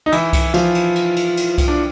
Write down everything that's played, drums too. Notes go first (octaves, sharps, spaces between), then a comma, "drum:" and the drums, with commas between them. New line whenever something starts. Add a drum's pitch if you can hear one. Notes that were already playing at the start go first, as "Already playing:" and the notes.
D#4
E3 E4, drum: cymbal
drum: kick C2, cymbal
F3 F4, drum: cymbal
drum: cymbal
drum: cymbal
drum: cymbal
drum: cymbal
drum: kick C2, cymbal
D4